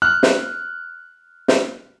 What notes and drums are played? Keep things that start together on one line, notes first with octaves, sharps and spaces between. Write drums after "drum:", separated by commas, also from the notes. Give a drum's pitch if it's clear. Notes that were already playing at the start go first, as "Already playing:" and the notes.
F6 F#6
drum: snare
drum: snare